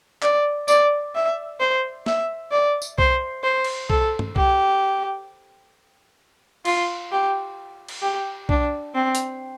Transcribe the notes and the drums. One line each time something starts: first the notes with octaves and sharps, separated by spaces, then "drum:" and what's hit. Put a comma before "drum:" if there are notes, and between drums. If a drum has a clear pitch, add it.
D5, drum: clap
D5, drum: tambourine
E5
C5
E5, drum: snare
D5
drum: tambourine
C5, drum: kick B1
C5
drum: cymbal
A4, drum: kick B1
drum: tom G2
G4, drum: kick B1
F4, drum: cymbal
G4
drum: cymbal
G4
D4, drum: kick B1
C4
drum: hi-hat